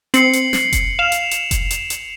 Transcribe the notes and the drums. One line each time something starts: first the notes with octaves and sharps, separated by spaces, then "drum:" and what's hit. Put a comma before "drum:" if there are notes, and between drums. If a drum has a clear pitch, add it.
C4 C7 C#7 F#7, drum: hi-hat
drum: hi-hat
drum: snare
drum: kick F1, hi-hat
F5 E7 F7
drum: hi-hat
drum: hi-hat
drum: kick F1, hi-hat
drum: hi-hat
drum: hi-hat